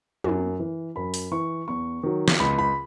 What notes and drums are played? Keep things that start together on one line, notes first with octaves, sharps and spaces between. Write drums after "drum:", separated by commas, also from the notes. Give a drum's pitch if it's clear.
F#2, drum: tom
E3
F#2 B5
drum: open hi-hat
E3 C#6
E2 C#6
D#3 F#3
drum: snare
C#2 B5
B5